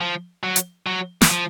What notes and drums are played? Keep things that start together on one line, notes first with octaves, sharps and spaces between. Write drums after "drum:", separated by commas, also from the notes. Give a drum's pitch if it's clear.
F3
F#3
drum: hi-hat
F#3
E3, drum: snare
F3